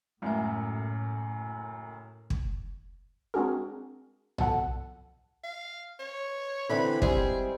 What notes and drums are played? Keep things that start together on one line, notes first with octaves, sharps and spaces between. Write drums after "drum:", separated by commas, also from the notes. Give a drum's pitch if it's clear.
F#1 F#2 A2 G#3 A3 E5
drum: kick
G#3 C4 D4 F#4 G#4 A#4
B2 F3 A4 F#5, drum: tom
F5
C#5
D3 E3 C4 B5
G3 G#3 C4 G#4, drum: kick